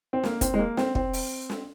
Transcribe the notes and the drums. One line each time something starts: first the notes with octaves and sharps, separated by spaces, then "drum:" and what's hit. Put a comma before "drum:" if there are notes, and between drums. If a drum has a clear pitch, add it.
C4
A#3, drum: snare
C4, drum: kick, hi-hat
G#3
A#3
C4, drum: snare
C4, drum: kick
drum: open hi-hat
drum: snare